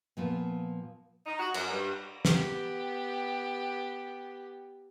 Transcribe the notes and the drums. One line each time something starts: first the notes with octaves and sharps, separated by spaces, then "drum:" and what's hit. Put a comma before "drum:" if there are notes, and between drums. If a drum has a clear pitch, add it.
A#2 F3 B3
D#4
F#4
F#2, drum: cymbal
G2
B3 G4, drum: snare